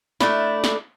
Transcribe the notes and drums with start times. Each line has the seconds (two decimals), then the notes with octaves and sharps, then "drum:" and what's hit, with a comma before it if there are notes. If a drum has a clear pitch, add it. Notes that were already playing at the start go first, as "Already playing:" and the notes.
0.21 A3 D4 E4, drum: snare
0.64 drum: snare